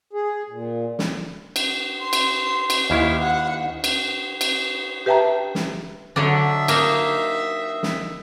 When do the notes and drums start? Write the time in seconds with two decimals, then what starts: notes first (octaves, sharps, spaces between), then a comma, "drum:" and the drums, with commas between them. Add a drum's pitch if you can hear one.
0.13 G#4
0.50 A#2
0.99 drum: snare
1.56 drum: cymbal
2.00 C6
2.13 drum: cymbal
2.70 drum: cymbal
2.90 D#2 E4 F6
3.20 F#5
3.84 drum: cymbal
4.41 drum: cymbal
5.06 G4 B4 E5 G5 A5 A#5
5.55 drum: snare
6.16 D3 F#3 D4 D#5 E5
6.68 A#3 D#4, drum: cymbal
7.83 drum: snare